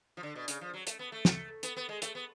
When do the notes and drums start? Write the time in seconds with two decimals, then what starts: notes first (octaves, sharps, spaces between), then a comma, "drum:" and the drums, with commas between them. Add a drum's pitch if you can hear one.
0.17 F3
0.23 D3
0.35 B2
0.48 C#3, drum: hi-hat
0.61 F3
0.74 F#3
0.87 A3, drum: hi-hat
0.99 B3
1.12 A3
1.25 drum: snare
1.63 B3, drum: hi-hat
1.77 B3
1.89 G#3
2.02 A3, drum: hi-hat
2.15 B3